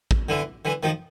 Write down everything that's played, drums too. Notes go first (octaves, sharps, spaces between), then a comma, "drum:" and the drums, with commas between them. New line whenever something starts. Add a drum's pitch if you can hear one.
drum: kick A1
D3 E3
D3 E3
D#3 F3